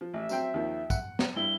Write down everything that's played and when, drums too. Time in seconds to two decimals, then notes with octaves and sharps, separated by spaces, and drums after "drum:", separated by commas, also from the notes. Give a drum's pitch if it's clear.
0.01 F3
0.14 A1 E5
0.29 F#3 C4 G5, drum: tambourine
0.54 D#2 D#3 F3
0.90 F#5, drum: kick, tambourine
1.19 drum: snare
1.36 G2 E4 G7